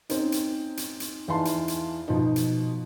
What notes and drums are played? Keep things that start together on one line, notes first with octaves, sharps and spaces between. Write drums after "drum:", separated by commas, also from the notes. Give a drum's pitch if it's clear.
C4 C#4 D#4, drum: hi-hat
drum: hi-hat
drum: hi-hat
drum: hi-hat
E2 E3 D#4 F5 A5 C6
drum: hi-hat
drum: hi-hat
B2 F3 D#4
drum: hi-hat